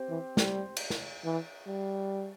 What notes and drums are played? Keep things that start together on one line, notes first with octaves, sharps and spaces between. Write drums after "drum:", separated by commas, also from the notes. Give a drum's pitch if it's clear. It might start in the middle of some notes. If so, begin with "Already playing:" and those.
Already playing: C4 G4 C5
E3
G3, drum: snare
drum: cymbal
drum: snare
E3
G3